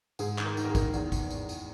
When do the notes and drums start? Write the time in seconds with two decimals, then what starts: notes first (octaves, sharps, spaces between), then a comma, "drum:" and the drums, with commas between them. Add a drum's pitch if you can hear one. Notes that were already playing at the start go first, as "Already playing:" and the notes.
0.19 G#2 G#4, drum: tambourine
0.38 D#3, drum: clap
0.44 A#4
0.57 D#3, drum: tambourine
0.65 A#4
0.69 G#4
0.75 D#3, drum: kick A1, tambourine
0.94 E2, drum: tambourine
1.12 drum: kick A1, tambourine
1.30 drum: tambourine
1.49 drum: tambourine